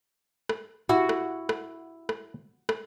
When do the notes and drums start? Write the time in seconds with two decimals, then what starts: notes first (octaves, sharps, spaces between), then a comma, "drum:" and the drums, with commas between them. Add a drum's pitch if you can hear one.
0.49 drum: rim click
0.89 E4 F#4
1.09 drum: rim click
1.49 drum: rim click
2.09 drum: rim click
2.69 drum: rim click